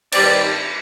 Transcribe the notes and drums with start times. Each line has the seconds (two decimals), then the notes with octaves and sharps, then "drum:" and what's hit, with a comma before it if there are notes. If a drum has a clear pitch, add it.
0.12 G2 D#3 G3 C4 D5, drum: cymbal